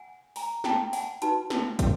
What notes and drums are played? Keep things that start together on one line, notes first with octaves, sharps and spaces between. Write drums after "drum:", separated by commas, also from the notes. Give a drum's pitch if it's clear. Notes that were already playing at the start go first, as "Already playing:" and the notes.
Already playing: F#5 G#5
G#5 A#5, drum: open hi-hat
G5 A5, drum: snare
F#5 G#5, drum: open hi-hat
D#4 F#4 B4 A5, drum: hi-hat
drum: snare
drum: kick, hi-hat